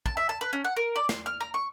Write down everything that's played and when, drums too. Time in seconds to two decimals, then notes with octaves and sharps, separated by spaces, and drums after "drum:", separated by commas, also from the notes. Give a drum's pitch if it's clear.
0.06 A5, drum: kick
0.17 E5
0.29 A5
0.41 B4
0.53 C#4
0.65 F#5
0.77 A#4
0.96 D5
1.09 C6, drum: snare
1.26 F6
1.40 A#5
1.54 C#6